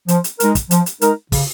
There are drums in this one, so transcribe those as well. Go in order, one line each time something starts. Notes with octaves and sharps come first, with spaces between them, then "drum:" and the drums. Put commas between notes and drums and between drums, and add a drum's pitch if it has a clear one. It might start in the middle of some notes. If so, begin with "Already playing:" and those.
F3, drum: hi-hat
drum: hi-hat
G#3 D#4 A#4, drum: hi-hat
drum: kick, hi-hat
F3, drum: hi-hat
drum: hi-hat
G#3 D#4 A#4, drum: hi-hat
C#3, drum: kick, open hi-hat